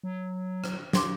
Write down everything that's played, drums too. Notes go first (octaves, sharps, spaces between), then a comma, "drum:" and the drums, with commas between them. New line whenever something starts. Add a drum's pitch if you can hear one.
F#3
drum: rim click
F5 C6 D6, drum: snare